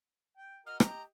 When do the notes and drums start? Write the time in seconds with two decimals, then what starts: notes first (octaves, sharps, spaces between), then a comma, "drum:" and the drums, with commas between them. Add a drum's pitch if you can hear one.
0.37 G5
0.66 F#4 A#4 D#5 F6
0.80 G4 D#5 G5 A#5, drum: rim click